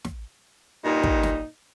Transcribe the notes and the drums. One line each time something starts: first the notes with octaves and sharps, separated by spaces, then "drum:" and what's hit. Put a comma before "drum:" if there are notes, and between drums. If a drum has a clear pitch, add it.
drum: snare
G2 A#2 D#4
drum: kick
drum: snare